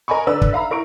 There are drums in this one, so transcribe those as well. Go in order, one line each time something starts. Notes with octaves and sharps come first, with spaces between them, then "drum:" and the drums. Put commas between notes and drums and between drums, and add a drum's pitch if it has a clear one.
A#4 D#5 G#5 B5 C#6
D3 B4 D5 E6
drum: kick
E5 F5 A#5 B5
E4 A#4 C#6 D7